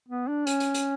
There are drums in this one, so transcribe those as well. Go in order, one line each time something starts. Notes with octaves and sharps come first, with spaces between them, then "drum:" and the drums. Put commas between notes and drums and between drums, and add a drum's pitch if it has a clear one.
B3
D4
C#4, drum: hi-hat
drum: hi-hat
drum: hi-hat